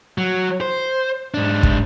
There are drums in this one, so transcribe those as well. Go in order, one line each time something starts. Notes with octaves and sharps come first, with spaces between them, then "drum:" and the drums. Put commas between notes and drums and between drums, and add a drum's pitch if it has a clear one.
F#3
C5
G#2 D4
drum: kick